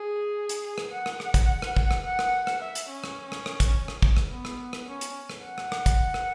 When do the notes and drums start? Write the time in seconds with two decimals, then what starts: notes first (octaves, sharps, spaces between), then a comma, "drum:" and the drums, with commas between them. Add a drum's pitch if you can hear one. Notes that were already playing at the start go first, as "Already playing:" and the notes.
Already playing: G#4
0.49 drum: hi-hat
0.78 drum: rim click
0.92 F#5
1.06 drum: rim click
1.20 drum: rim click
1.34 drum: kick, hi-hat
1.62 drum: rim click
1.77 drum: kick
1.91 drum: rim click
2.05 F#5
2.19 drum: rim click
2.47 drum: rim click
2.62 E5
2.75 drum: hi-hat
2.90 C#4
3.04 drum: rim click
3.32 drum: rim click
3.46 drum: rim click
3.60 drum: kick, hi-hat
3.88 drum: rim click
4.02 drum: kick
4.17 drum: rim click
4.31 B3
4.45 drum: rim click
4.73 drum: rim click
4.87 C#4
5.01 drum: hi-hat
5.30 drum: rim click
5.43 F#5
5.58 drum: rim click
5.72 drum: rim click
5.86 drum: kick, hi-hat
6.14 drum: rim click